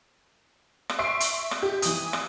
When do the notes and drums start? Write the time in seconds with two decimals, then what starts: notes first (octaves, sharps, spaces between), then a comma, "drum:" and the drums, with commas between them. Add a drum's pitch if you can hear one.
0.89 drum: rim click
0.99 E5 C6 C#6 C7 D7
1.20 drum: hi-hat
1.51 drum: rim click
1.62 G4
1.82 E3 D#6, drum: hi-hat
2.13 drum: rim click